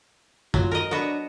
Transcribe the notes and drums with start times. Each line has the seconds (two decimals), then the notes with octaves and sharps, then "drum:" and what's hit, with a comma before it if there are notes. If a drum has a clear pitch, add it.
0.54 F#3 F4, drum: tom
0.71 A#4 D#5
0.91 B3 D4 F#4